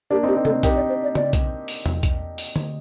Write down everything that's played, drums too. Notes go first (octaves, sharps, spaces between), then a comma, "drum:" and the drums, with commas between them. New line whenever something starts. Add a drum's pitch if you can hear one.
A#3 D4 G4
C4 D#4
G4
C4 D#4
A4, drum: tom C3
C4 D#4
D#4 G4 A#4, drum: kick, hi-hat
D5
C5
D5
D5, drum: tom C#3
drum: kick, hi-hat
drum: open hi-hat
drum: tom E2
drum: kick, hi-hat
drum: open hi-hat
drum: tom D3